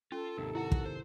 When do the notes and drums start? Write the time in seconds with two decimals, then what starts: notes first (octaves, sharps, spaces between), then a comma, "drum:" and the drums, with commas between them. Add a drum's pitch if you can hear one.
0.12 C#4 F4 A4
0.37 D#2 G#2 C3 D#3 A#4
0.55 E4 F#4 F#5
0.72 drum: kick
0.86 C5